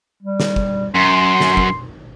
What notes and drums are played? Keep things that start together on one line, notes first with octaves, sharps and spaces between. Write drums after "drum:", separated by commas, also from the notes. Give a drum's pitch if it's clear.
G3
drum: snare
drum: kick
F#2 C6
drum: snare
drum: kick